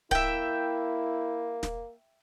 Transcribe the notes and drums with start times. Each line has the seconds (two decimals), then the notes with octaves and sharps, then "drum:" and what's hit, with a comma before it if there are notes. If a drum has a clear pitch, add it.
0.11 A#3 E4 E5 G5, drum: kick D1
1.63 drum: snare